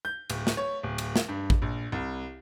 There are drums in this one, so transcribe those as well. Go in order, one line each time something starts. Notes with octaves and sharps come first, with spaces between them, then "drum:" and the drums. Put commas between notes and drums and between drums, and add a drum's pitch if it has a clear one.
G6
D1, drum: cymbal
drum: snare
C#5
D1
drum: cymbal
drum: snare
G2
drum: kick A1
A#1
C2